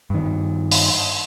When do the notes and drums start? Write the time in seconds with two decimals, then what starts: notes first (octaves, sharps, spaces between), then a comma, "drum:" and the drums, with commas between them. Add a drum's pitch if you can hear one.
0.10 G2 D#3
0.71 drum: open hi-hat